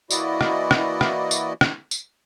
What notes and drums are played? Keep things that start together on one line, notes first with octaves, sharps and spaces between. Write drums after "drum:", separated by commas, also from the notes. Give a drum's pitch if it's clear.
E3 A#3 E4 F#4 D5 D#5, drum: tambourine
drum: rim click
drum: rim click
drum: rim click
drum: tambourine
drum: rim click
drum: tambourine